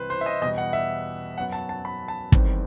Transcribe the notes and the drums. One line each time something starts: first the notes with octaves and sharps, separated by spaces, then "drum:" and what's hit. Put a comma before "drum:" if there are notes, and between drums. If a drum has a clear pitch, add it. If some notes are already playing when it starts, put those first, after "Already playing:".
Already playing: C2 C3 E3 B4 C5
C5
E5
D#5
E2 B2 G3 D#5
F#5
E5
F#2 F#3 B3 F#5
A5
A5
B5
A5
E2 D#3 G3 C4, drum: kick